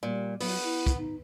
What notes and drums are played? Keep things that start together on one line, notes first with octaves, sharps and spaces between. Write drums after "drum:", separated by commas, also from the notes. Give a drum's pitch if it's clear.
A#2 G3
F#3 B3, drum: open hi-hat
E4
drum: kick, hi-hat
D#4